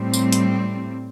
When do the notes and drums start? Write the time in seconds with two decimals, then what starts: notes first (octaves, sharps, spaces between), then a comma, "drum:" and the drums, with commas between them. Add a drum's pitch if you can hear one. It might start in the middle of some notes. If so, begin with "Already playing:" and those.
Already playing: A2 G3 C4
0.14 drum: tambourine
0.32 drum: hi-hat